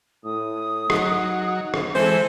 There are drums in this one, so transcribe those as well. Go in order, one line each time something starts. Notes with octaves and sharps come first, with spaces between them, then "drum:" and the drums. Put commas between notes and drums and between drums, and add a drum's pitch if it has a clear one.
A2 D#6
F#3 D#4, drum: rim click
drum: rim click
E3 G#3 C4 A4 C5